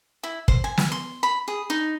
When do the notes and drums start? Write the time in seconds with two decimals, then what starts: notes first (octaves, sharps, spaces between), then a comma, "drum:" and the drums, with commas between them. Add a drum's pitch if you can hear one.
0.23 E4
0.48 C5, drum: kick
0.64 G#5
0.78 drum: snare
0.92 C6
1.23 B5
1.48 G#4
1.70 D#4